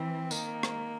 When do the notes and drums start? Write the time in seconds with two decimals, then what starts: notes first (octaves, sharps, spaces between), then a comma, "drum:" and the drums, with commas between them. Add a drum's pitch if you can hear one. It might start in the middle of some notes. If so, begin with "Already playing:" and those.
Already playing: E3 C4
0.31 D#3 A#3, drum: tambourine
0.63 drum: rim click